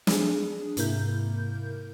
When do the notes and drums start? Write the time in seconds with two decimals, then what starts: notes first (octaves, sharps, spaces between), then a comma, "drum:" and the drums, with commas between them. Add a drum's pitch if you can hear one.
0.07 D4 G#4, drum: snare
0.77 G#2 C3 A#3 E4 A#4 G6, drum: hi-hat